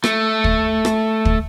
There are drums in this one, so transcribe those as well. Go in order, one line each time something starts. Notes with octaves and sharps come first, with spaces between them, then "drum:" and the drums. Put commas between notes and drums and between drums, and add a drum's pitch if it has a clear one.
A3, drum: rim click
drum: kick
drum: rim click
drum: kick